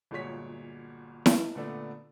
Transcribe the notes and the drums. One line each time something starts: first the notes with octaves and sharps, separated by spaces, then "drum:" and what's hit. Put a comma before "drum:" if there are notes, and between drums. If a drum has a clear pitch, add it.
G1 A#2 G#3 F#4 C#5 B6
drum: snare E4
A#2 D3 A3 B3 D4